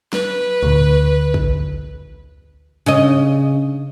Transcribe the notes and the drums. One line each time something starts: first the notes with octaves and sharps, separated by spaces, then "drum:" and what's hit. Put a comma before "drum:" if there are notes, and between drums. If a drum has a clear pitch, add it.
B4, drum: snare
D2, drum: tom
drum: kick
C#3 D#5, drum: hi-hat